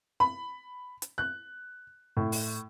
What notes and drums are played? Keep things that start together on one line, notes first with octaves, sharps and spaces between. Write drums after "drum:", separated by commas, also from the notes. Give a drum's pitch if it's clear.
B5
drum: hi-hat
F#6
A2
drum: open hi-hat